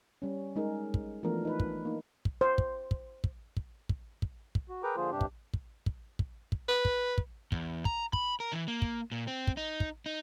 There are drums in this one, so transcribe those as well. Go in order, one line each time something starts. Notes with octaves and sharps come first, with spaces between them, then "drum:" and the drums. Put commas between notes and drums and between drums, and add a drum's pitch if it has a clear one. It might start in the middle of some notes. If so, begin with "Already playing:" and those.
G3 C#4
G#3 D#4 G#4 A#4
drum: kick
E3 F3 A3 B3 D4 A#4
D#4 B4
drum: kick
A#3 D#4
drum: kick
C5
drum: kick
drum: kick
drum: kick
drum: kick
drum: kick
drum: kick
drum: kick
F#4
G#4 A#4 B4 G5 A#5 D6
D3 F3 A#3 F4 G#4 C5
G2 C3 D4 G4
drum: kick
drum: kick
drum: kick
drum: kick
drum: kick
B4
drum: kick
drum: kick
E2, drum: kick
A#5, drum: kick
B5, drum: kick
A#4
E3
A#3
drum: kick
A#2
C4
drum: kick
D#4
drum: kick
D#4